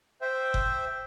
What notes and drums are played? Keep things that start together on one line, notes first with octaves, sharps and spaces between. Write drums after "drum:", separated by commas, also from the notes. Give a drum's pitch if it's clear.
C5 E5 G5
drum: kick F#1